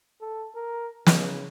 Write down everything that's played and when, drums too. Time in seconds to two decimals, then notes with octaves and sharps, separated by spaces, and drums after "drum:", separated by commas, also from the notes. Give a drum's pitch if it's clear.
0.21 A4
0.55 A#4
1.06 C#3, drum: snare